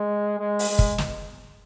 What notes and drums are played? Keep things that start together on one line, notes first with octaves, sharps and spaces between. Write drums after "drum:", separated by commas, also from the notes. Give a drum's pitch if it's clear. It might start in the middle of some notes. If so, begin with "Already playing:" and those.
Already playing: G#3
G#3
drum: open hi-hat
G#3
drum: kick
drum: snare